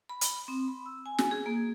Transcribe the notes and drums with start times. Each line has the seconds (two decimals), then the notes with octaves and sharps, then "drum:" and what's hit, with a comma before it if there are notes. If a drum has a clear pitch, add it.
0.09 B5
0.21 drum: hi-hat
0.48 C4
0.68 B5
0.86 E6
1.06 G#5
1.18 drum: snare
1.31 G#4
1.46 A#3